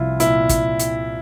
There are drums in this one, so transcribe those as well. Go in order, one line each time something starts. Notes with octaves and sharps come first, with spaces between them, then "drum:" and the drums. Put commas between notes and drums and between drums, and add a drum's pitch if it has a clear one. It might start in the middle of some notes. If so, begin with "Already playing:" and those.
Already playing: C2 F3 E4 F4
A#2 E4, drum: hi-hat
drum: kick, hi-hat
drum: hi-hat